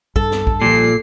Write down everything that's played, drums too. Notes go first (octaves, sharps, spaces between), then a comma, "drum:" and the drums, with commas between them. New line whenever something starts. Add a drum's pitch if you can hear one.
G2 A4, drum: kick
drum: snare
drum: kick
A#2 F3 G3 C7